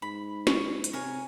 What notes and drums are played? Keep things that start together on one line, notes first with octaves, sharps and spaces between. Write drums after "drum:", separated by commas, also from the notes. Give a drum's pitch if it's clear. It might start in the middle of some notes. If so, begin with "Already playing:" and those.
G#2 B5
C#6, drum: snare
drum: hi-hat
C3 A#4 C#5 G#5